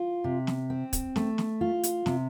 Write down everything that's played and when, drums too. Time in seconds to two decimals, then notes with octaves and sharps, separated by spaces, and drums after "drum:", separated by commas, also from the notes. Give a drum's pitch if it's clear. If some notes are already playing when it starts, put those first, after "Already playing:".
Already playing: F4
0.24 C3
0.47 drum: snare
0.70 C4
0.93 drum: kick, hi-hat
1.16 A3, drum: snare
1.38 drum: snare
1.61 F4
1.83 drum: hi-hat
2.06 C3, drum: snare